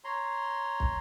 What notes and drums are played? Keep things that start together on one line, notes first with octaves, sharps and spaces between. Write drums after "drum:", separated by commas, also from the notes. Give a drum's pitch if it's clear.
C#5 A#5 C6
drum: kick